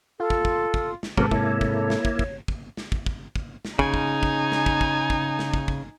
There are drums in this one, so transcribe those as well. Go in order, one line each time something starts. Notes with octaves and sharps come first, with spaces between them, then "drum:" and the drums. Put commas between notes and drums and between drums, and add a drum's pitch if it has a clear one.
F4 A4
drum: kick
drum: kick
drum: kick
drum: snare
G#2 C3 F#3 G#3 A#3 C#4 A4 B4, drum: kick
A#3 E4 C#5, drum: kick
drum: kick
drum: snare
drum: kick
drum: kick
drum: kick
drum: snare
drum: kick
drum: kick
drum: kick
drum: snare
C#3 D#4 G#5, drum: kick
drum: kick
drum: kick
drum: snare
drum: kick
drum: kick
drum: kick
drum: snare
drum: kick
drum: kick